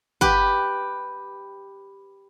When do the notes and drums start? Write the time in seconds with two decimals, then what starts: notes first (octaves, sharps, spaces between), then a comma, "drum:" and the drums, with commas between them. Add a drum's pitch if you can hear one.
0.21 G4 B4, drum: kick